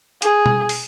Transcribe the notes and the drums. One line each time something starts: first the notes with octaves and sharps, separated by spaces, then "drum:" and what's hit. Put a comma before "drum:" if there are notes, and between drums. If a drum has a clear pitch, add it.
G#4, drum: hi-hat
drum: tom B2
drum: open hi-hat